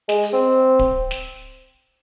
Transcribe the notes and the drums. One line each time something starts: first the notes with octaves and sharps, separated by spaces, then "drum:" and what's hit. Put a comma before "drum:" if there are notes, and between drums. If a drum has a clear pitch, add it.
G#3, drum: snare
drum: hi-hat
C4
drum: kick D1
drum: snare